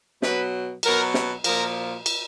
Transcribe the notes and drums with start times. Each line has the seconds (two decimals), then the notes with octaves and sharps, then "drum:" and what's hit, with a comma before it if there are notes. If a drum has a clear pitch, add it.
0.22 B2 F#3 B4, drum: snare
0.83 B2 F#3 A#4, drum: cymbal
1.14 drum: snare
1.44 A#2 F3 A#4, drum: cymbal
2.06 drum: cymbal